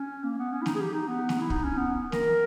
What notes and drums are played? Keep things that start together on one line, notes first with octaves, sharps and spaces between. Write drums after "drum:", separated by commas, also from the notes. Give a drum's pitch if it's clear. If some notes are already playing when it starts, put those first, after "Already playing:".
Already playing: C#4
A#3
B3
C#4
E4
D#4, drum: snare
G#4
G4
D#4
B3
drum: snare
E4
D#4, drum: kick
C#4
B3
A#4, drum: snare